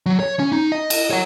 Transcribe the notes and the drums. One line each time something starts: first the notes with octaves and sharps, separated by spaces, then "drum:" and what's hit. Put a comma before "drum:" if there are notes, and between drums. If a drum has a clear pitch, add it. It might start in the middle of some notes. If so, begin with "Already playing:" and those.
F#3
C#5
C#4
D#4
D#5
drum: cymbal
C#5 F#5